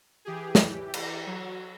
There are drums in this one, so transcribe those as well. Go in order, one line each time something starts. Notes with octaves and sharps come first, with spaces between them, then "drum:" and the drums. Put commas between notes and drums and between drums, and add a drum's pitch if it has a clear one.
E3 G4 G#4
E3 G4, drum: snare
drum: cymbal
F#3